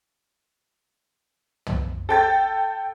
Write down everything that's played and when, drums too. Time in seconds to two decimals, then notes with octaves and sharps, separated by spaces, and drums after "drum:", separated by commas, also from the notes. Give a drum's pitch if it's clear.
1.66 drum: tom
2.09 A4 G5 A6